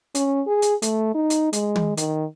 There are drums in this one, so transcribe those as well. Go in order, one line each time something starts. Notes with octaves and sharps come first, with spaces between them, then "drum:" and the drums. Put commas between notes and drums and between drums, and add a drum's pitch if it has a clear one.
C#4, drum: hi-hat
G#4
drum: hi-hat
A3, drum: hi-hat
D#4
drum: hi-hat
G#3, drum: hi-hat
drum: tom
D#3, drum: hi-hat